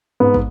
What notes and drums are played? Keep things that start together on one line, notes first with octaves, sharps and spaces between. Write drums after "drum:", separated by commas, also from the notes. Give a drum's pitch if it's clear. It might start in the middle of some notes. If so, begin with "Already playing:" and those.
G#2 B3
drum: kick